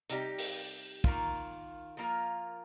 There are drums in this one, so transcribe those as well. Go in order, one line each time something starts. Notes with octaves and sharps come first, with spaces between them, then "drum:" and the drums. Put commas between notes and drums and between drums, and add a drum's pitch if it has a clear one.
C3 G3 D#4 G4, drum: hi-hat
drum: open hi-hat
D#3 A#3 F4, drum: kick
F3 A#3 F4 A#4